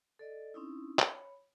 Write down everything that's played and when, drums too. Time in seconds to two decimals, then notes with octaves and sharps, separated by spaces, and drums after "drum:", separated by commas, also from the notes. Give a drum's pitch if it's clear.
0.19 A4 D5 D#5
0.54 C4 C#4 D#4 E4
0.99 C#5 B5, drum: clap